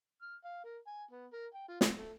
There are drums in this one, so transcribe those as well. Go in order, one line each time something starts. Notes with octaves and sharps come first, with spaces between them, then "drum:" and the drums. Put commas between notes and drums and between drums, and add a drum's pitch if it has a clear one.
F6
F5
A#4
G#5
B3
A#4
G5
F4
C4, drum: snare
A3